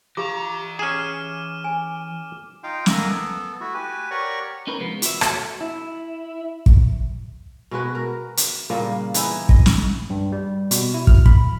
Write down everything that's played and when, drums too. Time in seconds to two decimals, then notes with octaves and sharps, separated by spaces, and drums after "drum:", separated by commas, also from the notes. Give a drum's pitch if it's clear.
0.17 E3 F4 G4 F5 A#5 D6
0.79 C#4 G#4 F6 D#7 E7
1.64 G#5
2.64 D#4 F4 F5 G5
2.86 A#3 A#4 E5 F#5 G#5 D6, drum: snare
3.08 B3 A4
3.61 A3 E4 F#4
3.74 G4 B4 G#5
4.11 G4 A#4 C#5 D5 F#5 C#6
4.67 C#4 D#4 A#4 B4
4.80 C3 F3 G#3 B3
5.02 F4 F#4 B4 E5, drum: hi-hat
5.21 F#4 A4 C#5 E5 F#5, drum: rim click
5.61 E4
6.66 drum: kick
7.71 B2 G#3 F#4 B4
7.95 A#4
8.37 drum: hi-hat
8.70 A#2 C#3 G3 A#3
9.14 E3 B3 D#4 E4, drum: hi-hat
9.49 D#5, drum: kick
9.66 drum: snare
10.10 G2
10.32 G3
10.71 B2, drum: hi-hat
10.94 E4
11.07 F6, drum: kick
11.26 B5, drum: kick